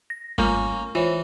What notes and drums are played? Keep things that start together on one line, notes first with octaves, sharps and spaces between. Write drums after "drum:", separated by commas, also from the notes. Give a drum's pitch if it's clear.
A#6
G3 A3 A#3 C#4 F4, drum: kick G#1
E3 F4 C5 C#5